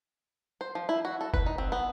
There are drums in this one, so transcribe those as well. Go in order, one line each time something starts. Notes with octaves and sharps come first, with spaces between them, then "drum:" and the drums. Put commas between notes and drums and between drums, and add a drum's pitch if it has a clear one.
C5
F3
E4
F#4
A4
B4, drum: kick F1
D#4
C4
B3